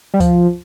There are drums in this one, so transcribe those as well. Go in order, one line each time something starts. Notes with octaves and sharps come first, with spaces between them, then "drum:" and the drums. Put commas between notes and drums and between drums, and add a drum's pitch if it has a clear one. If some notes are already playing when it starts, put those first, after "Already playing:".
G3
F3, drum: kick C#2, hi-hat